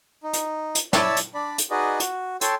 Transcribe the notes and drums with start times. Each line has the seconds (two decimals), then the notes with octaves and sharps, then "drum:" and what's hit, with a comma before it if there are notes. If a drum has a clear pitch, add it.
0.23 D#4
0.33 drum: hi-hat
0.75 drum: hi-hat
0.93 E4 C#5 D5 A5 B5 E6, drum: snare
1.17 drum: hi-hat
1.34 D4 D5 B5
1.58 drum: hi-hat
1.71 D#4 F#4 G#4 B4 D5 D#5
2.00 F#4, drum: hi-hat
2.41 A4 C#5 G5 A5 C6, drum: hi-hat